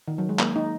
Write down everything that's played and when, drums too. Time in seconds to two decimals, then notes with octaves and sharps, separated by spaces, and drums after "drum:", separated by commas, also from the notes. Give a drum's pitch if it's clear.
0.08 D#3
0.18 F#3
0.29 G#3
0.39 A#3, drum: clap
0.56 D#4